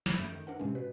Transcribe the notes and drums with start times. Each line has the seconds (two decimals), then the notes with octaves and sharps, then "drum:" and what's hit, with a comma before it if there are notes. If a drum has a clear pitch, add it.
0.06 F2 B5, drum: snare
0.19 F#2 A3 G6 D7
0.32 D#3
0.47 E3 D4 A#4 F#5
0.60 A2 C3 G#3 C#4
0.75 B2 B4